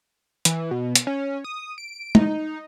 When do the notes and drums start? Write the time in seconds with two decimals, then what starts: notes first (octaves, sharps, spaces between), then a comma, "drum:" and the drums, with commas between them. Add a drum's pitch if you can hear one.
0.45 E3, drum: hi-hat
0.71 B2
0.95 drum: hi-hat
1.07 C#4
1.44 D#6
1.78 D7
2.15 D#4, drum: tom G#3